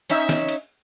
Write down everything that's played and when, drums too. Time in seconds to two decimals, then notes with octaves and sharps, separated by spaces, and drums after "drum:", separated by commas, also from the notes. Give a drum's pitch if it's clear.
0.10 C#4 D#4 E5, drum: hi-hat
0.29 drum: snare
0.49 drum: hi-hat